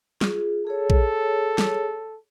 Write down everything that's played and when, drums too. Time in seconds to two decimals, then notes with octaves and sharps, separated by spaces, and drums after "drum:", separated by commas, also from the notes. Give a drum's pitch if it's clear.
0.21 F4 G#4, drum: snare
0.67 G#4 A4 C#5
0.90 drum: kick
1.58 drum: snare